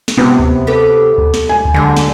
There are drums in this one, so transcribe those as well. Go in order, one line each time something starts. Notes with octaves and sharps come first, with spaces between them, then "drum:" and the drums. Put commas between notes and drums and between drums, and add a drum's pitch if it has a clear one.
drum: snare
C3 B3
drum: kick D2
G4 A4 B4
drum: kick D2
drum: snare
G#5
drum: kick D2
D3 F#3 G#3 G4
drum: snare